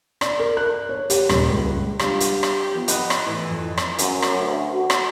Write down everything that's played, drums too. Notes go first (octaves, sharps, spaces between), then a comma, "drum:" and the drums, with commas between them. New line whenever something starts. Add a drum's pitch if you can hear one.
D5, drum: rim click
A#4
F#6
C#5
G4, drum: hi-hat
D#1, drum: rim click
C#2
G3 D4 F4 G4, drum: rim click
drum: hi-hat
drum: rim click
F3 B3
D#5 F#5 B5 F#6, drum: hi-hat
drum: rim click
A2 E3
F2
drum: rim click
F#2, drum: hi-hat
drum: rim click
D2
F#4
drum: rim click